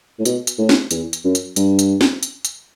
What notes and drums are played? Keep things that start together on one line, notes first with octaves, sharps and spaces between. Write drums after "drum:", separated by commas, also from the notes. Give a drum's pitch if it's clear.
A2
B2, drum: hi-hat
drum: hi-hat
A2
drum: snare
E2, drum: hi-hat
drum: hi-hat
F#2
drum: hi-hat
G2, drum: hi-hat
drum: hi-hat
drum: snare
drum: hi-hat
drum: hi-hat